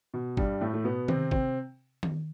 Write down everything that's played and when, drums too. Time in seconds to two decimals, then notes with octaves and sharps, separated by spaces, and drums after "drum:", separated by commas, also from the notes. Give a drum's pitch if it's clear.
0.14 B2
0.37 G2 G3, drum: kick
0.61 A2 A3
0.74 A3
0.84 B2 B3
1.08 C3 C4, drum: tom D#3
1.31 C3 C4, drum: kick
2.03 drum: tom D#3